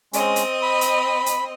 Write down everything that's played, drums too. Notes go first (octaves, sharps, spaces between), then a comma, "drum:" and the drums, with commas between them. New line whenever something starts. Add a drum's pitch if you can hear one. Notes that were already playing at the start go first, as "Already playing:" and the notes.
G#3 C4 C#4 D#5, drum: hi-hat
drum: hi-hat
B5
drum: hi-hat
drum: hi-hat